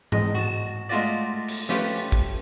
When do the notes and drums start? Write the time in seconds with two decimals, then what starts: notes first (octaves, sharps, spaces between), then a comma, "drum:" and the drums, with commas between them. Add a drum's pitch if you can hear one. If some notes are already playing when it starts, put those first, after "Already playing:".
0.12 G#3, drum: tom G#2
0.34 F#4 A5
0.89 G#3 A3 F4 F#4 D5
1.48 drum: cymbal
1.69 A3 C#4 F4 G4 B4, drum: snare
2.12 drum: kick